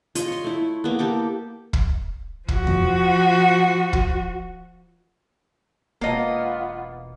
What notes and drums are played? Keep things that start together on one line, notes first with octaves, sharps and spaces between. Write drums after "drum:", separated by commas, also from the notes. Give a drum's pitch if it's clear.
F4 D#5, drum: hi-hat
C#5 C6
A3 E4
A#3 B3
A#3 G4 A4 D6
drum: kick
F3 F#4, drum: kick
drum: tom E2
drum: kick
E1 A#3 B3 F4 D#5